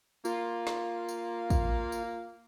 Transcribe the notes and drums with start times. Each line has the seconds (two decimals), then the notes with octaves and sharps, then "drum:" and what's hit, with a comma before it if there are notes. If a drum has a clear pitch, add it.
0.25 A#3 F4, drum: tambourine
0.67 drum: snare
1.09 drum: tambourine
1.50 drum: kick, tambourine
1.92 drum: tambourine